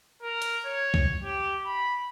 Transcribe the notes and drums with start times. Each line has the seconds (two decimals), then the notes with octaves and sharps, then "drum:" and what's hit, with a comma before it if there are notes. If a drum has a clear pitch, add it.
0.22 A#4
0.42 drum: hi-hat
0.66 C#5
0.94 drum: kick
1.24 G4
1.66 B5